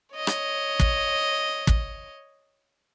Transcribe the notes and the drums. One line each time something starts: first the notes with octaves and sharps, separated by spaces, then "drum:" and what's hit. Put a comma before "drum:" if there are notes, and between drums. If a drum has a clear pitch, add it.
C#5 D#5
drum: rim click
drum: kick
drum: kick